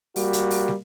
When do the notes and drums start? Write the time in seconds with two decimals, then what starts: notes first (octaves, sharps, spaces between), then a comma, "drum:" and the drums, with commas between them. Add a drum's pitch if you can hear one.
0.16 G3 A#3 F#4, drum: open hi-hat
0.33 drum: hi-hat
0.50 drum: open hi-hat
0.68 drum: snare